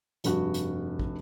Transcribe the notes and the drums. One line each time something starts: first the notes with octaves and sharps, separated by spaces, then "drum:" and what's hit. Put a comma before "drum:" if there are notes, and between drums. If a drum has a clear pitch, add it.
F1 G2 F#4, drum: hi-hat
drum: hi-hat
drum: kick